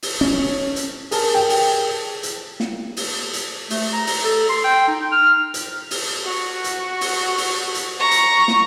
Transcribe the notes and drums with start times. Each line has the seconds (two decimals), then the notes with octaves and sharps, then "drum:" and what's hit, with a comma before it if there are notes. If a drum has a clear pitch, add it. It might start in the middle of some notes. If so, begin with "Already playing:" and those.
0.03 drum: open hi-hat
0.21 C#4
0.76 drum: hi-hat
1.11 G#4 A#4 A5, drum: open hi-hat
1.34 G5
1.50 drum: open hi-hat
2.23 drum: hi-hat
2.60 drum: snare
2.97 drum: open hi-hat
3.33 drum: hi-hat
3.70 A3, drum: open hi-hat
3.93 A#5
4.07 drum: open hi-hat
4.24 A4
4.49 C6
4.64 G5
4.88 D#4
5.12 F6
5.54 drum: hi-hat
5.91 drum: open hi-hat
6.25 F#4
6.64 drum: hi-hat
7.01 drum: open hi-hat
7.38 drum: open hi-hat
7.74 drum: hi-hat
7.99 A#5 C#6
8.11 drum: hi-hat
8.48 drum: snare